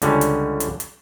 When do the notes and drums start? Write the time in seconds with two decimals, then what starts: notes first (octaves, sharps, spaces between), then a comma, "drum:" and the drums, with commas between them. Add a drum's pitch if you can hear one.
0.02 C#2 D3 G3 C#4, drum: hi-hat
0.21 drum: hi-hat
0.60 drum: hi-hat
0.80 drum: hi-hat